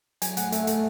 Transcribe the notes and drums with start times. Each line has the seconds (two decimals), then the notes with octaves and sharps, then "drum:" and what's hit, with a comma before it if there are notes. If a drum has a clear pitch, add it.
0.22 F#3 G#5, drum: hi-hat
0.37 A3 F#5, drum: hi-hat
0.52 A3 E5, drum: hi-hat
0.67 A3, drum: hi-hat